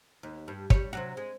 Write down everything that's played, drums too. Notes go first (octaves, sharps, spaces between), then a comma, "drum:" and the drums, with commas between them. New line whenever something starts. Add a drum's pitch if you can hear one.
D#2
G2
G3 C#5, drum: kick
C3 F#3 F#4
G#3